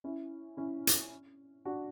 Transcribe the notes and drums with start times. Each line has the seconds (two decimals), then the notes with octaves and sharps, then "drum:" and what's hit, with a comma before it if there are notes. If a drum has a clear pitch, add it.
0.04 C#4 E4
0.57 C#4 E4
0.87 drum: hi-hat
1.65 D4 F#4